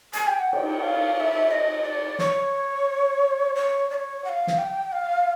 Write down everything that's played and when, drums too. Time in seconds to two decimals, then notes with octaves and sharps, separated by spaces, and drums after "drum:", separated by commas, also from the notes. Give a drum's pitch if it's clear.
0.13 G#5, drum: hi-hat
0.27 G5
0.40 F#5
0.53 G5, drum: cymbal
0.82 F5
1.16 F5
1.20 E5
1.51 D#5
1.85 D5
2.19 C#5, drum: snare
3.55 C#5
3.90 D5
3.94 C#5
4.24 F#5
4.29 F5
4.47 drum: snare
4.58 G5
4.92 F5